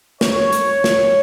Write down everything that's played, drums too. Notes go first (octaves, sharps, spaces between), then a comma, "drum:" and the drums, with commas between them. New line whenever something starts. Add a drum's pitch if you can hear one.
C#5, drum: snare
drum: hi-hat
drum: snare